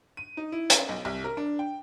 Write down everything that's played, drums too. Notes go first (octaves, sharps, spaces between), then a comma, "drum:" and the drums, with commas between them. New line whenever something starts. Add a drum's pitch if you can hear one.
D#7
D#4
E4
C#4, drum: hi-hat
B1
C2
A#4
D4
G5